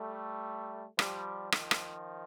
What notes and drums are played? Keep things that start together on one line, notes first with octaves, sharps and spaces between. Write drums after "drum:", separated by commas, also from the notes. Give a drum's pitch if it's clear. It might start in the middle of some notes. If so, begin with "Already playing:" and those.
Already playing: G3 A3
F3 G3, drum: rim click
D#3 F3, drum: rim click
drum: rim click